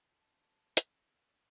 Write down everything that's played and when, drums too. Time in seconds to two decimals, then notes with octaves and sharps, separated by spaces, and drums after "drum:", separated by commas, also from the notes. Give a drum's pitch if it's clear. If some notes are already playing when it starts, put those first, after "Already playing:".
0.19 A4 F5 A5 A#5
0.77 drum: hi-hat